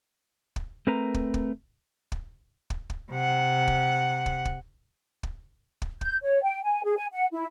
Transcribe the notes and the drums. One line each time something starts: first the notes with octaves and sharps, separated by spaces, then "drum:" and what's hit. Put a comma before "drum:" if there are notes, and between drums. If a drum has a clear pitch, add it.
drum: kick
A3 C4 A#4 B4 A#5
drum: kick
drum: kick
drum: kick
drum: kick
drum: kick
C3 F#5
drum: kick
drum: kick
drum: kick
drum: kick
drum: kick
G6, drum: kick
C#5
G5
G#5
G#4
G#5
F#5
E4